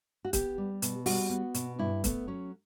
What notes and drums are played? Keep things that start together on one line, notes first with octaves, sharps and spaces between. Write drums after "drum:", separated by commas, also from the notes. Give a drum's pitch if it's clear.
F#4
B3 G4, drum: kick, hi-hat
G3
B2, drum: hi-hat
G3 F#4, drum: open hi-hat
B3
B2, drum: hi-hat
G2 E4
A3 B3, drum: kick, hi-hat
F#3 C#4